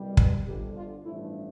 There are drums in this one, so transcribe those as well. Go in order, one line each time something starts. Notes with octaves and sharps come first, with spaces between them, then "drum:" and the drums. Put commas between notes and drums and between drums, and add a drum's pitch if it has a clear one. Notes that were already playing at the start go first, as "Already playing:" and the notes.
Already playing: C2 B2 G3
B4, drum: kick
G1 F2 D3 G3 G4
F4
A1 G2 F3 A3 E4